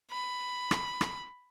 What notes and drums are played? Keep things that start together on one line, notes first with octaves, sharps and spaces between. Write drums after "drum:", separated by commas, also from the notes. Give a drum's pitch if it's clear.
B5
drum: rim click
drum: rim click